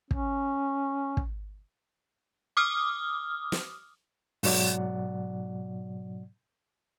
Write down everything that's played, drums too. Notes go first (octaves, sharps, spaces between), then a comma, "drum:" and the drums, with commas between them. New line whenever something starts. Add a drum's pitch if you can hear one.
C#4, drum: kick
drum: kick
D6 D#6 F6
drum: snare
G#2 B2 F#3 D5 F#5, drum: open hi-hat